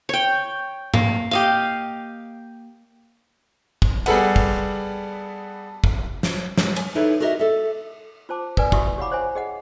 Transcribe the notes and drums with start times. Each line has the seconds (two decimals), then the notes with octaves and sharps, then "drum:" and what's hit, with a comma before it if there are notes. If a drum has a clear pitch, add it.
0.09 C#5 G5
0.94 A#3, drum: tom G#2
1.31 G4 D#5 F5
3.82 drum: kick
4.06 G3 B3 G#4 A4 B4 F#5, drum: cymbal
4.36 drum: kick
5.84 drum: kick
6.23 drum: snare
6.58 F#3 G#3 C#4 G4, drum: snare
6.76 G#5, drum: cymbal
6.95 D#4 E4 A4 B4 C#5
7.20 F#4 G4 A#4 D#5 E5
7.39 A4 E5
8.29 F4 C5 A5 D6
8.57 A#4 B4 D5 G#5, drum: kick
8.72 E4 F#4 E5 C#6 D#6, drum: kick
8.98 G4 C#5 F5 F#5 B5 D6
9.12 C5 C#5 E5 G#5
9.35 G#4 D#5 F#5